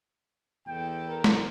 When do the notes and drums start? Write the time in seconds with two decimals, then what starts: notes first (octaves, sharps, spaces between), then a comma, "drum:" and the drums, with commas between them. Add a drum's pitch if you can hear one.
0.67 E2 A4 G5
1.08 A#4
1.24 drum: snare